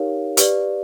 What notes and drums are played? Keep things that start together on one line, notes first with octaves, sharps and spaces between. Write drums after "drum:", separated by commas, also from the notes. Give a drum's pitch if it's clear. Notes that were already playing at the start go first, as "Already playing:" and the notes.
Already playing: D#4 G4 A#4 C#5 F5
G4 B4 D5, drum: hi-hat